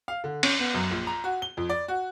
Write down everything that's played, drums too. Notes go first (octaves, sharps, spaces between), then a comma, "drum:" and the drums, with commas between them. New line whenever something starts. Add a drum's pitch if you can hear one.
F5
D3
C#4, drum: cymbal
B3
F#2
A#1
A#5
F#4
G7
F2
D5
F#4